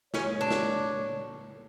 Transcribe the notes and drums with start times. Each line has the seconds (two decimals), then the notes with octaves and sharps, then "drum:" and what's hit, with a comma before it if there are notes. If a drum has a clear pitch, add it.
0.14 C#4 C#5, drum: snare
0.41 D4
0.50 drum: snare